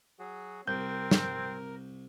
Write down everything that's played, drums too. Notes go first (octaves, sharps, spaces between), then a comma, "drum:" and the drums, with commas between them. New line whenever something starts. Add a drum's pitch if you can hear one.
F#3 F#4 G#4
C2 C4 A#4 G6
drum: snare